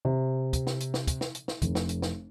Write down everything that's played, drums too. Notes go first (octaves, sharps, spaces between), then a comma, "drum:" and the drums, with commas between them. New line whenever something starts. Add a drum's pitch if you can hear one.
C3
drum: kick, hi-hat
drum: snare
drum: hi-hat
drum: snare
drum: kick, hi-hat
drum: snare
drum: hi-hat
drum: snare
F1, drum: kick, hi-hat
drum: snare
drum: hi-hat
drum: snare